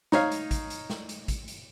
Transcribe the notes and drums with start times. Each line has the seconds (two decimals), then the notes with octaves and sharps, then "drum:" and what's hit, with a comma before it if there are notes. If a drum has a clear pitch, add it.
0.12 D#4 C#5 F5, drum: snare
0.32 drum: hi-hat
0.51 drum: kick, hi-hat
0.70 drum: hi-hat
0.90 drum: snare
1.09 drum: hi-hat
1.28 drum: kick, hi-hat
1.48 drum: hi-hat